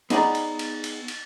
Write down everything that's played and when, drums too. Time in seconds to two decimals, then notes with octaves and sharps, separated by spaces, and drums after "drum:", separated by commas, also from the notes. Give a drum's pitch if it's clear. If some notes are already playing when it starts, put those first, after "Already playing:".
0.10 B3 D#4 G#4 D5 A#5, drum: cymbal
0.35 drum: cymbal
0.59 drum: cymbal
0.84 drum: cymbal
1.08 drum: cymbal